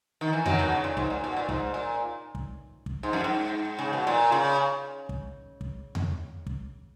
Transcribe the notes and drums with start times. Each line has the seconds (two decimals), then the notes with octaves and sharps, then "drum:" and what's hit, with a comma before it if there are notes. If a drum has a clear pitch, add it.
0.21 D#3
0.33 E3
0.46 D#3 F#3, drum: tom E2
0.59 B2 D#3
0.72 C#3
0.84 A#2
0.97 G#2, drum: kick
1.10 A#2
1.24 B2
1.37 A#2
1.49 G#2, drum: kick
1.74 A#2
2.35 drum: kick
2.86 drum: kick
3.03 G#2
3.13 F#2
3.24 G#2
3.79 C#3
3.93 B2
4.07 A#2
4.32 C#3
5.09 drum: kick
5.61 drum: kick
5.95 drum: tom E2
6.46 drum: kick